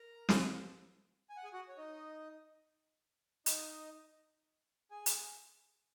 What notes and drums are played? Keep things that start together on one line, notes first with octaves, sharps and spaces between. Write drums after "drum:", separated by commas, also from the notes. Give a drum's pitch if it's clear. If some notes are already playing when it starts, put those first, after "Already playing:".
Already playing: A#4 A#5
drum: snare
G#5
F#5
G#4 G#5
F#4 F#5
C#5
D#4 D#5
D#4 D#5, drum: hi-hat
G#4 G#5
drum: hi-hat